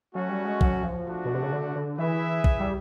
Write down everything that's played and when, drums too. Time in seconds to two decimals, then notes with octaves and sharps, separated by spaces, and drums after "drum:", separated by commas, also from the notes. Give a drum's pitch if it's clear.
0.14 F#3 A3 C#4 F#4
0.29 G3
0.45 G#3
0.61 F#3, drum: kick
0.83 F3
1.06 A3 D4 F#4
1.25 B2
1.34 C3
1.43 C#3
1.52 D3
1.75 D3
1.98 E3 E4 G#4 B4 E5
2.44 drum: kick
2.59 G3